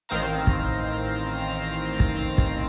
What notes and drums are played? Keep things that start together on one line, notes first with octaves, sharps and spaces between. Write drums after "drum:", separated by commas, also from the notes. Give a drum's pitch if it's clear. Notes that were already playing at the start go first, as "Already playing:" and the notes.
A1 D#3 C4 C5 F5 A#5
drum: kick
drum: kick
drum: kick